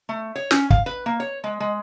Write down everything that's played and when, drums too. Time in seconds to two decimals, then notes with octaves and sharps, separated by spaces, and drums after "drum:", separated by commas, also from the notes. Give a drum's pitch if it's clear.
0.09 A3
0.36 C#5
0.51 C#4, drum: snare
0.70 F5, drum: kick
0.86 B4
1.06 A#3
1.20 C#5
1.44 G#3
1.60 G#3